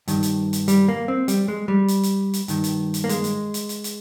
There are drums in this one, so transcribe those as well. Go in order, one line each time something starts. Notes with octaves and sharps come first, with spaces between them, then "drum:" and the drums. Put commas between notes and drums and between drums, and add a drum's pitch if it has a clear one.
G2 D#3, drum: hi-hat
drum: hi-hat
drum: hi-hat
G3, drum: hi-hat
A#3
C4
G3, drum: hi-hat
G#3
G3
drum: hi-hat
drum: hi-hat
drum: hi-hat
G2 D#3, drum: hi-hat
drum: hi-hat
drum: hi-hat
A#3
G#3, drum: hi-hat
drum: hi-hat
drum: hi-hat
drum: hi-hat
drum: hi-hat